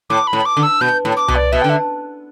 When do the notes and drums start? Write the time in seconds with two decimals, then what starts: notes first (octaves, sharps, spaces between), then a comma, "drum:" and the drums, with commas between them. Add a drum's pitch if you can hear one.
0.10 A2 D6
0.27 B5
0.33 A2
0.45 D6
0.57 D3
0.63 E6
0.81 B2 G6
1.05 A2
1.17 D6
1.28 B2, drum: tom C2
1.35 D5
1.52 B2 E5
1.61 G5
1.64 D3
1.69 E5